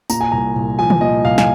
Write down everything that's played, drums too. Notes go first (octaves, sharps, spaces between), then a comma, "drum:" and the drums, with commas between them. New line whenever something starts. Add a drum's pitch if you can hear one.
A#2 A#5, drum: tambourine
G#5
C2 A#5
C2
F3 G#5
drum: tom
A#2 D#5
C2 F5
G#5, drum: snare